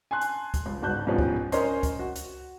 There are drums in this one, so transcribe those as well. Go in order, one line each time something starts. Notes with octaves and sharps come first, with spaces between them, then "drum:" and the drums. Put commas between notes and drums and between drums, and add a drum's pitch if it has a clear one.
G#5 A5 C6 F#6
drum: hi-hat
drum: kick, hi-hat
C#2
G1 G#2 F#4 A5 F#6 G6
G#2 B2 F3 C#4 F4 G4
drum: kick
C#4 A#4 C5 D#5 C6, drum: hi-hat
drum: kick, hi-hat
F#4
drum: hi-hat